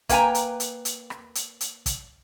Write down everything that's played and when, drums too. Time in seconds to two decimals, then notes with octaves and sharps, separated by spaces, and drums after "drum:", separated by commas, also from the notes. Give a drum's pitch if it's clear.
0.09 A#3 B4 G5 G#5 A#5, drum: kick, hi-hat
0.35 drum: hi-hat
0.60 drum: hi-hat
0.85 drum: hi-hat
1.10 drum: rim click
1.35 drum: hi-hat
1.61 drum: hi-hat
1.86 drum: kick, hi-hat